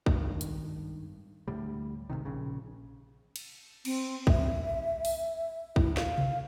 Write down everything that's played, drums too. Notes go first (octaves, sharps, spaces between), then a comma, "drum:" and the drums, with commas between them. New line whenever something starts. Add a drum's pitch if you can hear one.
G#1 G2 D#3, drum: kick
drum: hi-hat
D2 A2 G3
G#1 C#2 C3 D#3
A#1 C#3
drum: cymbal
C4, drum: cymbal
E5, drum: kick
drum: open hi-hat
E4, drum: kick
F5, drum: snare
drum: tom C3